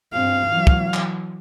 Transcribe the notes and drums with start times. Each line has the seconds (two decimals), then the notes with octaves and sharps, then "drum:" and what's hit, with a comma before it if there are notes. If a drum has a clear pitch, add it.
0.13 G2 C4 F5
0.47 E3 F#3
0.67 drum: kick
0.94 drum: clap